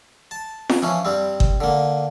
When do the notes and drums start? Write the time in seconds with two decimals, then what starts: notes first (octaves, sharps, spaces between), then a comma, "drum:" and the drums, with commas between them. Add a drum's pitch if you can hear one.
0.31 A5
0.69 drum: snare F4
0.82 E3 F3 C#4
1.05 G2 G3 C4
1.40 drum: kick G1
1.61 D3 A#3